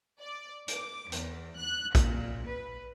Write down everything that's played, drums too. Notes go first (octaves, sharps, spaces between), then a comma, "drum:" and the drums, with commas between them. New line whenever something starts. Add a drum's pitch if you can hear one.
D5
D6, drum: hi-hat
E2, drum: hi-hat
F#6
A#2, drum: kick A#1, hi-hat
B4